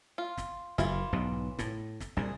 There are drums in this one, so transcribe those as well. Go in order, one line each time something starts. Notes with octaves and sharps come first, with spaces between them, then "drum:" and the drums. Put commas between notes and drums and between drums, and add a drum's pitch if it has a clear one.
F4
drum: snare
F#1 E3 E4 F4, drum: snare
B1 G#2 B2
A2, drum: snare
drum: snare
C2 A#2 G#4